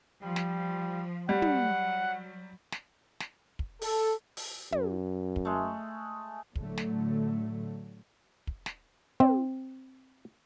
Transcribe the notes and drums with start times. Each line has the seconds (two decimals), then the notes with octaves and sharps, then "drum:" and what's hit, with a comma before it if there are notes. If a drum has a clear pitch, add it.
0.23 F3 G3
0.36 drum: snare
1.29 F#3 G3 F#5
1.42 drum: tom
2.72 drum: snare
3.20 drum: snare
3.59 drum: kick
3.81 A4, drum: open hi-hat
4.37 drum: open hi-hat
4.72 F#2, drum: tom
5.36 drum: kick
5.45 G#3 A3
6.56 A2 D3 F#3 A3, drum: kick
6.77 drum: snare
8.47 drum: kick
8.66 drum: snare
9.20 C4, drum: tom